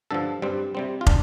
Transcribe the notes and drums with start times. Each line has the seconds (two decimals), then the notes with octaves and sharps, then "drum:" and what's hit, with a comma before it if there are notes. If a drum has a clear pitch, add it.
0.11 G2 D3 F3 A4
0.42 G2 G3 C4
0.75 C3 G3 C4
1.01 F4
1.07 D4, drum: kick